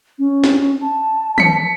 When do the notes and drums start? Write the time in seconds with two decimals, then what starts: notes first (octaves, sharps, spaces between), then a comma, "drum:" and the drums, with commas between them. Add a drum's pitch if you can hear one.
0.19 C#4
0.44 drum: snare
0.81 A5
1.38 B6 C#7, drum: tom D#3